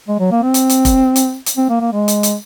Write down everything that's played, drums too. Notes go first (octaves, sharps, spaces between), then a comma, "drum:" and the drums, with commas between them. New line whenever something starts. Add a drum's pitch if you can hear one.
G#3
F#3
A#3
C4
drum: hi-hat
drum: hi-hat
drum: kick F1, hi-hat
drum: hi-hat
drum: hi-hat
C4
A#3
A#3
G#3
drum: hi-hat
drum: hi-hat